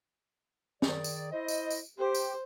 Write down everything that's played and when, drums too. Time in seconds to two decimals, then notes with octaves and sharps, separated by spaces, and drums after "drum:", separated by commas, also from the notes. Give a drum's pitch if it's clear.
0.82 D#3 G#4 D5, drum: snare
1.04 drum: tambourine
1.32 E4 C5 D#5
1.48 drum: tambourine
1.70 drum: tambourine
1.98 G4 C5
2.15 drum: tambourine